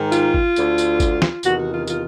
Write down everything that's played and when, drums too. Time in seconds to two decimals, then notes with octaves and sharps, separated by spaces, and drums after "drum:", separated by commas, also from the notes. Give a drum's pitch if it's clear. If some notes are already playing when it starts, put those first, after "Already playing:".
Already playing: G#2 D#3
0.12 F4, drum: tambourine
0.34 drum: kick G#1
0.56 D2 D3, drum: tambourine
0.78 drum: tambourine
1.00 drum: kick G#1, tambourine
1.22 drum: snare
1.43 E2 C3 D#3 F#4, drum: tambourine
1.58 F#4
1.72 F4
1.87 F4, drum: tambourine